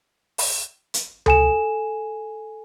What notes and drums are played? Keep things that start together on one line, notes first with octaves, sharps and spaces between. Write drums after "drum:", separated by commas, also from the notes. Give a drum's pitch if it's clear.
drum: open hi-hat
drum: hi-hat
A4 G#5 E7, drum: tom C#2